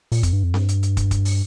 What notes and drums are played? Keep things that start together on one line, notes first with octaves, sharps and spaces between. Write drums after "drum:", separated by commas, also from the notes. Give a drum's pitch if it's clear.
A#2, drum: open hi-hat
F2, drum: kick, hi-hat
G2
F2
G2, drum: snare C4
drum: hi-hat
drum: hi-hat
drum: kick, hi-hat
drum: kick, hi-hat
drum: open hi-hat